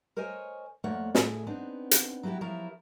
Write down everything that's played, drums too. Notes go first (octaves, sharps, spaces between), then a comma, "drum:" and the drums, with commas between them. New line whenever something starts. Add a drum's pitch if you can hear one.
A#4 C5 C#5 D#5 G#5
F2 A3 A#3 C#5 D5 F#5
A2 G#4, drum: snare
B3 C4 D4 D#4 D5
drum: hi-hat
F#3 G3 E4 F#4 G4
F3 F#3 E4 A#4